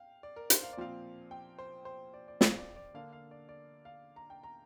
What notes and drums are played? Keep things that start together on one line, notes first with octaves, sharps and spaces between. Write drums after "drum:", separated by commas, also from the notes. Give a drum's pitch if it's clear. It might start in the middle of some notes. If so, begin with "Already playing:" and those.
Already playing: F5 G5
D5
A#4
C5, drum: hi-hat
F5
D5
A#2 F3 C4 F5
G5
C5
C5
D5
D5
F5, drum: snare
D5
D5
D3 A#3 D4 F5
F5
D5
D5
F5
A#5
G5
A#5